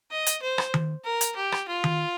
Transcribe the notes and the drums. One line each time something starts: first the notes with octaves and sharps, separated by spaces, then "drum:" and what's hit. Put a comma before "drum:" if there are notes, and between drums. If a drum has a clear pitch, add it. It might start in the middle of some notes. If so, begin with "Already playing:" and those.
D#5
drum: hi-hat
C5
drum: rim click
drum: tom D#3
A#4
drum: hi-hat
G4
drum: rim click
F4
drum: tom D#3